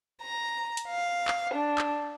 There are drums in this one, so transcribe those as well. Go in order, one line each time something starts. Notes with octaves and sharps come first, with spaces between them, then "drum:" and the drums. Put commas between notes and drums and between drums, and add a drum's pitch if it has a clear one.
A#5
drum: hi-hat
F5
drum: clap
D4
drum: clap